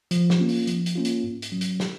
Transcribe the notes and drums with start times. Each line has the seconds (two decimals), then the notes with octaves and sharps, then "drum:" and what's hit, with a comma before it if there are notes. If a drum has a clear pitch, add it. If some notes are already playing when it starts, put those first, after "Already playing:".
0.11 F3, drum: hi-hat
0.30 drum: snare
0.39 A#3 C#4 F4
0.49 drum: open hi-hat
0.67 F3, drum: hi-hat
0.86 drum: hi-hat
0.95 A#3 C#4 F4
1.05 drum: hi-hat
1.24 G#2
1.42 drum: hi-hat
1.52 F#3 C#4
1.61 drum: hi-hat
1.80 drum: snare